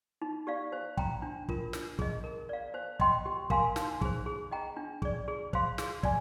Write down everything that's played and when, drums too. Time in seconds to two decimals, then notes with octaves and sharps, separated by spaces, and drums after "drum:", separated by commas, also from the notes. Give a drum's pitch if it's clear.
0.22 D#4
0.47 G4 D5 F5
0.72 C5
0.97 G5 A#5, drum: kick
1.22 D4
1.49 F4 A#4, drum: kick
1.73 D4, drum: snare
1.99 G#4 D#5, drum: kick
2.24 A#4
2.49 D5 F5
2.74 C5
3.00 D#5 G5 C6, drum: kick
3.26 G4
3.50 A#4 F5 G#5 C6, drum: kick
3.76 D#4, drum: snare
4.01 G#4 C5, drum: kick
4.26 G#4
4.51 D#5 G5 A#5
4.77 D4
5.02 G#4 D5, drum: kick
5.28 G#4
5.53 C5 F5 C6, drum: kick
5.78 G#4, drum: snare
6.03 D5 G#5, drum: kick